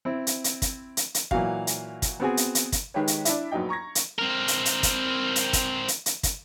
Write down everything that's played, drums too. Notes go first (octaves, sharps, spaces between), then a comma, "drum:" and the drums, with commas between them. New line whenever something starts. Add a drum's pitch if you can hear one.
C4 E4
drum: hi-hat
drum: hi-hat
drum: kick, hi-hat
drum: hi-hat
drum: hi-hat
A#2 E3 F#3 F#4 F5, drum: kick
drum: hi-hat
drum: kick, hi-hat
B3 C4 F#4 G#4
drum: hi-hat
drum: hi-hat
drum: kick, hi-hat
D#3 G#3 D#4 G4 B4 C#5
drum: hi-hat
D4 E4, drum: hi-hat
A#1 F#3 B3 D#4 G5
A#5 C#6 G#6 A#6
drum: hi-hat
C4 A#4
drum: hi-hat
drum: hi-hat
drum: kick, hi-hat
drum: hi-hat
drum: kick, hi-hat
drum: hi-hat
drum: hi-hat
drum: kick, hi-hat